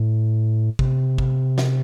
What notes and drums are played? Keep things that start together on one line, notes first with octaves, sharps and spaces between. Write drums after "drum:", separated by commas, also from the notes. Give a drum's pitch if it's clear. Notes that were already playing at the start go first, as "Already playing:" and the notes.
Already playing: A2
C3, drum: kick
drum: kick
drum: snare